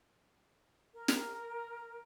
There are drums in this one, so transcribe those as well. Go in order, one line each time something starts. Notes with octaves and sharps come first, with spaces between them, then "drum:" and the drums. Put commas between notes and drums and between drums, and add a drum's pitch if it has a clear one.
A#4
drum: snare